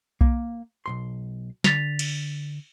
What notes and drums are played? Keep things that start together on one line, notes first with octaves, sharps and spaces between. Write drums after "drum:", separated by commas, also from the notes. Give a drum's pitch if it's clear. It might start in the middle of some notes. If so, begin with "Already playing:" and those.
A#3, drum: kick B1
B1 E2 C6
D3 A6 B6 F7, drum: snare
drum: cymbal